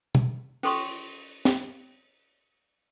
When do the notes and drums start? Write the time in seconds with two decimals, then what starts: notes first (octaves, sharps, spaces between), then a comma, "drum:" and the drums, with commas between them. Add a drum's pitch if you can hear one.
0.15 drum: tom
0.63 C#4 A4 C6 C#6, drum: open hi-hat
1.45 drum: snare